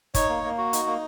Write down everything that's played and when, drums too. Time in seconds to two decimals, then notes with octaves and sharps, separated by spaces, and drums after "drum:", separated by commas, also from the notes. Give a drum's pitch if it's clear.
0.14 D#4 C#5, drum: kick, hi-hat
0.29 A#3
0.44 A#3
0.58 F#4
0.73 D#4, drum: hi-hat
0.87 A#3